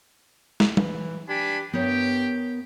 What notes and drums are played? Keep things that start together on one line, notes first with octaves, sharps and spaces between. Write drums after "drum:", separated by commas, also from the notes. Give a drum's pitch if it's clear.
drum: snare
E3, drum: tom
D4 G4 G#5 B5
G2 B3 G4 A#4 C#5 G5